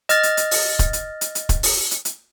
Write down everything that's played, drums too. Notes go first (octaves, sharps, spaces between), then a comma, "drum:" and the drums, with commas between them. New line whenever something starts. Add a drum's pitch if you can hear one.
D#5 F6 A6, drum: hi-hat
drum: hi-hat
drum: hi-hat
drum: open hi-hat
drum: kick, hi-hat
drum: hi-hat
drum: hi-hat
drum: hi-hat
drum: kick, hi-hat
drum: open hi-hat
drum: hi-hat
drum: hi-hat